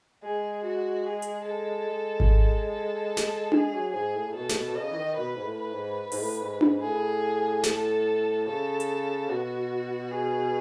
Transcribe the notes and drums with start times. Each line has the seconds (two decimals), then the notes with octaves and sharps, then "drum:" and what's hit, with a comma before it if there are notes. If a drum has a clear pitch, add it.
0.23 G#3 G#4
0.64 F#4
1.06 G#4
1.22 drum: hi-hat
1.46 A4
1.88 G#3
2.20 drum: kick G#1
2.70 A4
3.17 drum: snare
3.52 G#3 G#4, drum: tom D4
3.73 F#3
3.94 G#2 G#4
4.14 A2
4.27 A2
4.35 B2 A4
4.49 A2, drum: snare
4.55 B2
4.69 B2
4.75 C#3 D#5
4.91 E3
4.97 D#3
5.17 B2 B4
5.35 G#2
5.45 A2
5.58 B4
5.72 G#2
6.12 G#2, drum: open hi-hat
6.20 A2
6.41 G#2
6.61 G#2, drum: tom D4
6.81 A2 G#4
7.63 A4, drum: snare
8.47 C#3 A4
8.80 drum: hi-hat
9.29 B2 F#4
10.11 G#4